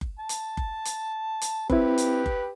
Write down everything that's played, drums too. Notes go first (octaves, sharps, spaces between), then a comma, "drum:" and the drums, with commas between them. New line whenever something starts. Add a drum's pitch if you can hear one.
drum: kick F#1
A5
drum: hi-hat
drum: kick F#1
drum: hi-hat
drum: hi-hat
C4 E4 G4 B4, drum: kick F#1
drum: hi-hat
drum: kick F#1